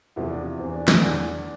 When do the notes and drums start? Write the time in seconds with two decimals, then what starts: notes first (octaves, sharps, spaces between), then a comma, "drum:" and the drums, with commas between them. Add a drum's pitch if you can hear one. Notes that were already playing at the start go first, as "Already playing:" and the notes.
0.16 E2 C3 F3 E4
0.30 D4
0.45 E4
0.59 E2 E3 C4
0.74 D4
0.88 E4, drum: snare
1.01 E2 E3 D4